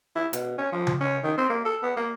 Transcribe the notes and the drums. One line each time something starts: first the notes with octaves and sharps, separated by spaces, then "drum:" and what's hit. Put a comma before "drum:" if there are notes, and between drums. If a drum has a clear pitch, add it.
E4
B2, drum: hi-hat
C#4
F3
drum: tom C#3
C#4
D#3
C4
A#3
A4
B3
A#3